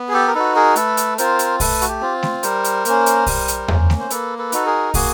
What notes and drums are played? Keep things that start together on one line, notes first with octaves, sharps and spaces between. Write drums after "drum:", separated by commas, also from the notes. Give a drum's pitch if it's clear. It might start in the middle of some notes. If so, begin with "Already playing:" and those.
Already playing: B3
G#4
G4 A4
A#4
D#4 F#4 A4 B4
G#4 A#4
A3 A4 B4, drum: hi-hat
drum: hi-hat
C4 F4 A#4 C5, drum: hi-hat
drum: hi-hat
A3 A4 B4, drum: kick, open hi-hat
F#4, drum: hi-hat
G4
C4 F4
drum: snare A3
G3 A#4 C5, drum: hi-hat
drum: hi-hat
A#3 C#4, drum: hi-hat
drum: hi-hat
G3, drum: kick, open hi-hat
drum: hi-hat
A#3 C#4, drum: tom E2
drum: snare A3
C5
A#3 A4 B4, drum: hi-hat
A4 B4
D#4 F#4 A4, drum: hi-hat
G#4 A#4
A#3 F#4 G#4, drum: kick, open hi-hat